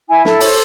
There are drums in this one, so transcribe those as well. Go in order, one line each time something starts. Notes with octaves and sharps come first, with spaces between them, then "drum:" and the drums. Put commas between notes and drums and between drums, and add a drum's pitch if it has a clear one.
E4 G#5
A4 A5, drum: snare
C5 C#5, drum: open hi-hat